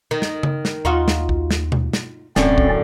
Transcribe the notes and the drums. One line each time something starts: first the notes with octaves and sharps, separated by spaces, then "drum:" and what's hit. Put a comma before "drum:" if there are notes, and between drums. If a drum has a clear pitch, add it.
D#3
drum: snare
drum: tom C#3
drum: snare
D#2 D#4 F4 F#4
drum: snare
drum: kick B1
drum: snare
drum: tom B2
drum: snare
D#1 F#2 A2 D3 C4 C#4 D5, drum: snare
drum: kick B1